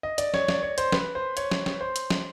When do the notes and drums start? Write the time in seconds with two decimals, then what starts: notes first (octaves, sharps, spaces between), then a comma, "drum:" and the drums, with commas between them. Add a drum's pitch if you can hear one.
0.03 D#5
0.18 D5, drum: hi-hat
0.34 C#5, drum: snare
0.48 D5, drum: snare
0.63 C#5
0.78 C5, drum: hi-hat
0.92 B4, drum: snare
1.15 C5
1.37 C#5, drum: hi-hat
1.51 drum: snare
1.66 drum: snare
1.81 C5
1.96 drum: hi-hat
2.10 drum: snare